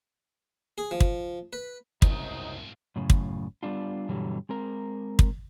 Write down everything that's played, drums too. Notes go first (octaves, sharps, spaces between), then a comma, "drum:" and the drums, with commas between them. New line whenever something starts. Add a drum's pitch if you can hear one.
G#4
F3
drum: kick
B4
F#1 C2 G#2 C3 F#3 C4 D#4 F4, drum: kick
F#2 A2 C#3
drum: kick
G3 B3 D4 F4
G2 B2 D3 E3 F#3 G3
G#3 C4 A#4
drum: kick